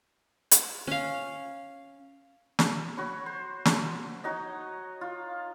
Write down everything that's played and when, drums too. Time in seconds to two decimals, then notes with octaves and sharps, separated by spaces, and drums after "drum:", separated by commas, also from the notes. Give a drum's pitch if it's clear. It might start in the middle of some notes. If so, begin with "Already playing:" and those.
0.51 drum: hi-hat
0.88 C#4 F5
2.59 drum: snare
2.97 F#4 C#5 B5 C#6
3.26 C5
3.65 drum: snare
4.24 D#4 F#4 C#5 D#5
5.01 F4